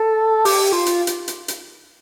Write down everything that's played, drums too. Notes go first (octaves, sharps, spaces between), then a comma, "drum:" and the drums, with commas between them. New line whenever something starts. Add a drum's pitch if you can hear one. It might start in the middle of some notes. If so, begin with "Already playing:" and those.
Already playing: A4
G4, drum: open hi-hat
F4
drum: hi-hat
drum: hi-hat
drum: hi-hat
drum: hi-hat